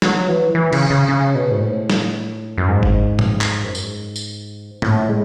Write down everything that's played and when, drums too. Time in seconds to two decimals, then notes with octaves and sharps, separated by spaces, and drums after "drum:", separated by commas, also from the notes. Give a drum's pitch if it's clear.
0.02 F#3, drum: snare
0.29 E3
0.55 E3
0.73 C#3, drum: cymbal
0.90 C#3
1.09 C#3
1.35 B2
1.51 G#2
1.62 A2
1.90 drum: snare
2.58 F#2
2.68 G#2
2.83 drum: kick G1
3.19 drum: tom A2
3.41 drum: clap
3.64 F#2
3.75 G#2, drum: tambourine
4.16 drum: tambourine
4.82 A2, drum: tom G#2
5.09 G#3